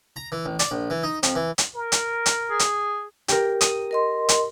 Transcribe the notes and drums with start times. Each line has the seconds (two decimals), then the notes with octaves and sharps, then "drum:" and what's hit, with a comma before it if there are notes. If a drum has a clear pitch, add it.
0.16 A#5
0.32 E3
0.46 A1
0.59 D5, drum: hi-hat
0.71 A#1
0.90 E3
1.03 D#4
1.23 F2, drum: hi-hat
1.36 E3
1.58 drum: hi-hat
1.75 A#4
1.92 drum: hi-hat
2.26 drum: hi-hat
2.50 G#4
2.59 drum: hi-hat
3.28 G4 A#4, drum: hi-hat
3.61 D#6, drum: hi-hat
3.91 A#4 D#5 C6
4.29 drum: hi-hat